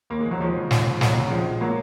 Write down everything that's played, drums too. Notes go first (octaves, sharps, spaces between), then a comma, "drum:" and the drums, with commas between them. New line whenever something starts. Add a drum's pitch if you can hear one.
D#2 A#3
G#3
F3
F#3
D#2 F3 G#3
C#3
D#2, drum: snare
F3
D#2 F#3, drum: snare
C#3 F#3
A#1 F3 G#3
F3
F#3 A#3